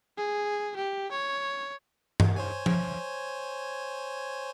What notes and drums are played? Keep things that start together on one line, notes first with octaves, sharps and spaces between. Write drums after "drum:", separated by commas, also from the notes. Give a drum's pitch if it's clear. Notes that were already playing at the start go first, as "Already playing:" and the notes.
G#4
G4
C#5
drum: tom G2
C5 C#5 G#5
drum: tom F3